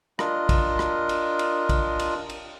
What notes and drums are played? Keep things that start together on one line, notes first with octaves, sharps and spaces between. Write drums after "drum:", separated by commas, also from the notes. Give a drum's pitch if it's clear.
D4 F4 A#4 D#5, drum: rim click
drum: kick, cymbal
drum: rim click
drum: cymbal
drum: cymbal
drum: kick, cymbal
drum: cymbal
drum: cymbal